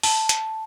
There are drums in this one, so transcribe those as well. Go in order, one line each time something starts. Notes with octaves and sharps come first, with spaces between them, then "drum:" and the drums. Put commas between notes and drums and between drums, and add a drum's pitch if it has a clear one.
A5, drum: open hi-hat
drum: hi-hat